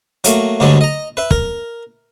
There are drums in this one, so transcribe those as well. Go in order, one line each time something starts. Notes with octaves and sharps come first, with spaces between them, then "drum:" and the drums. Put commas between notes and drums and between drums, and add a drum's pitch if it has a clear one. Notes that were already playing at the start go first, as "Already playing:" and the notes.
F#3 A3 A#3, drum: hi-hat
D2 G2 D3 F#3 G#3 D5
D#5 A#5
B4 E5
A#4, drum: kick